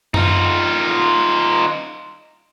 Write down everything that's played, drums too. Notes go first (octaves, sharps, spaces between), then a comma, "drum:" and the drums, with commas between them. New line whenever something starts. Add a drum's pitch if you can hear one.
D#4 F4, drum: tom F#2